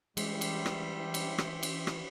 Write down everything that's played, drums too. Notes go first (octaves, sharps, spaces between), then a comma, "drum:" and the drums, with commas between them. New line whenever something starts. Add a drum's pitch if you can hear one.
E3 G3 G#3 G4 E5 C6, drum: cymbal
drum: cymbal
drum: rim click
drum: cymbal
drum: rim click
drum: cymbal
drum: rim click